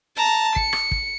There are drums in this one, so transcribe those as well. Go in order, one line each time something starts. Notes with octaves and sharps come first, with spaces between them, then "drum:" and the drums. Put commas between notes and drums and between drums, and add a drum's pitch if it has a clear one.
A5 A#5
C#7, drum: kick
drum: rim click
drum: kick